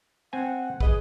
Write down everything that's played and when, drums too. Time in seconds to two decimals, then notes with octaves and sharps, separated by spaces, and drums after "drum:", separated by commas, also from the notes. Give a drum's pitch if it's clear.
0.33 C4 F#5 G#5
0.80 G#4 B4 D#5, drum: kick